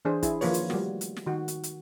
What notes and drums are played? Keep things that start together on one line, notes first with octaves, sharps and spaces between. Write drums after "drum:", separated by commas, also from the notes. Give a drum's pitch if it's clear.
E3 D4 G#4 C5
E4 G#4, drum: kick, hi-hat
D#3 F3 A#3 F4 B4 C#5, drum: open hi-hat
drum: hi-hat
G3 A3 F#4, drum: snare
drum: hi-hat
drum: snare
D#3 F#4
drum: hi-hat
drum: hi-hat